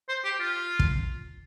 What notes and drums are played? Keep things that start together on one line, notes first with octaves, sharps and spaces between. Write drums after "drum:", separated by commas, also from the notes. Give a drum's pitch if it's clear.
C5
G4
F4
drum: kick